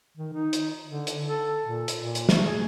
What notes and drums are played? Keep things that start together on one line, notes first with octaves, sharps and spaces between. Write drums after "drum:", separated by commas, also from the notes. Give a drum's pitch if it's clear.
D#3
D#4
drum: hi-hat
D3
drum: hi-hat
A4
A#2
drum: hi-hat
A#2
drum: hi-hat
A3, drum: snare
G#4